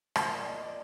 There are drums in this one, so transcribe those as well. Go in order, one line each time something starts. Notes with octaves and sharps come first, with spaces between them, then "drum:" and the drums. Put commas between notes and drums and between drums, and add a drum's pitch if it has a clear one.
A#2 F3 A#3, drum: rim click
D5
D5
D#5
D5